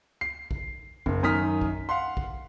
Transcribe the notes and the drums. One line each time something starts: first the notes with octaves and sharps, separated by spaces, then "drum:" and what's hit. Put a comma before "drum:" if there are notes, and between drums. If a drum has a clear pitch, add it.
C7
drum: kick A#1
F#1, drum: kick A#1
F#2 D#3 D#6 F6 B6
drum: kick A#1
F5 F#5 C6
drum: kick A#1